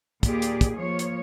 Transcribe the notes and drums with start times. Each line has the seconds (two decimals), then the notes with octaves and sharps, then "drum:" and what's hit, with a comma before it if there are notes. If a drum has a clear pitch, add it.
0.23 D#2 A#2 G4 G#4 D5, drum: kick, hi-hat
0.42 drum: hi-hat
0.61 drum: kick, hi-hat
0.77 F3 A#3 C#5
0.99 drum: hi-hat